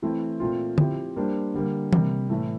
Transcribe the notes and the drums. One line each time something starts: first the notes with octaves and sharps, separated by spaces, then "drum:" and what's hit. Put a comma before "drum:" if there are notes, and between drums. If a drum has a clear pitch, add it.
E3 A3 C4 E4
A#2 A3 C4 F4
F3 C4 E4 G4, drum: tom D3
G3 A#3 D4 G4 C5
D3 G3 A#3
C3 G3 A#3, drum: tom E3
A2 E3 A3